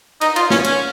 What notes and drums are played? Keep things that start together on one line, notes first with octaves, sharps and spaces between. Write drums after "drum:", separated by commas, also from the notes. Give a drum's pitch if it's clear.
D#4, drum: cymbal
F4, drum: cymbal
C#4, drum: snare
C#4, drum: cymbal